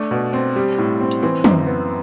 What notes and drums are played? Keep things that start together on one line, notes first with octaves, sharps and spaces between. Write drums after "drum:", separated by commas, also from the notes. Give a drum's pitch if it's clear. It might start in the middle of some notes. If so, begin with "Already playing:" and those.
Already playing: A3 D4
B2
C4
G3
A2
C4
drum: hi-hat
E3 C4
F#2, drum: tom
B3